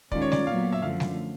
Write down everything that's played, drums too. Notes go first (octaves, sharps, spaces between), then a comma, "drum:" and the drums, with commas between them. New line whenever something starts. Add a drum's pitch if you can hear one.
D#3 G#3 C#4 F4 D5, drum: kick
C#5
D5, drum: snare
A#2 F#3 B3 F5
E5
F#2 D3 F3 A3 F5
drum: snare